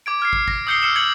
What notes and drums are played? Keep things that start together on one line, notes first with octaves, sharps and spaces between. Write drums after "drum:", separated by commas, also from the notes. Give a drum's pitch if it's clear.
D6 G#6 D7
F6 G#6 C7
drum: kick
A#6, drum: kick
D#6 E6 G6 C7 C#7 G7
E6 F6 C#7 E7 G7
E6 G#6 C#7 F#7